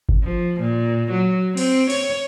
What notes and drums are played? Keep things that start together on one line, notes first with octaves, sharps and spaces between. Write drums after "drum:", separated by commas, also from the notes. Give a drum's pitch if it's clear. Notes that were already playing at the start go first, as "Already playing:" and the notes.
drum: kick G1
F3
A#2
F#3
C4, drum: cymbal
C#5, drum: cymbal